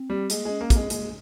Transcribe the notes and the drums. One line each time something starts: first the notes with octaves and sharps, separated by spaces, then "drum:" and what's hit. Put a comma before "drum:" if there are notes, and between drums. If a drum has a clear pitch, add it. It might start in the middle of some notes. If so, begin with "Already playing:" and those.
Already playing: C4
G3
G#3 A#3, drum: hi-hat
G#3 C#4
A#3
C4, drum: kick, hi-hat
G#3
G#3 A#3, drum: hi-hat